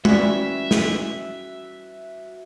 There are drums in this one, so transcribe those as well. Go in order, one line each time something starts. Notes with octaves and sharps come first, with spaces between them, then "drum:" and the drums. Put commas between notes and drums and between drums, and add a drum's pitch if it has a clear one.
E3 G3 C#4 F#4 E5, drum: tom G#3
drum: snare